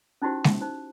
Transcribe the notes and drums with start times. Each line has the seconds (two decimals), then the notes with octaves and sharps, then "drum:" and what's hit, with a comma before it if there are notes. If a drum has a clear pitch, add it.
0.22 C#4 D#4 E4 F#4 G4 C5
0.44 drum: snare G#3
0.61 D#4 C5